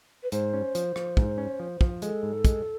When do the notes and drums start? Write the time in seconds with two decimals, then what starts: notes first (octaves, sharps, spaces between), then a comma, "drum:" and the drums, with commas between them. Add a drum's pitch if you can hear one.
0.23 B4
0.32 G#2 C5, drum: hi-hat
0.53 C#4
0.75 F3, drum: hi-hat
0.96 F3, drum: rim click
1.17 G#2, drum: kick
1.38 C#4
1.60 F3
1.81 F3, drum: kick
2.02 G#3 A4, drum: hi-hat
2.23 G#2
2.45 G#3, drum: kick, hi-hat